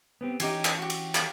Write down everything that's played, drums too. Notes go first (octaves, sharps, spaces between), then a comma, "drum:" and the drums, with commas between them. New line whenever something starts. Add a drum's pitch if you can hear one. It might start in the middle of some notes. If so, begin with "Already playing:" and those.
B3 C4 G4
E3 C#4 D#4 G4 G#5, drum: cymbal
drum: clap
F#4 G4
drum: cymbal
drum: clap